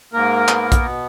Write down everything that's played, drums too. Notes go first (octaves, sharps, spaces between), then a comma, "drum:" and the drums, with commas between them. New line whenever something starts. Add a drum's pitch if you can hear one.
G#2 A#3 A#4
B3, drum: clap
drum: kick, hi-hat
B2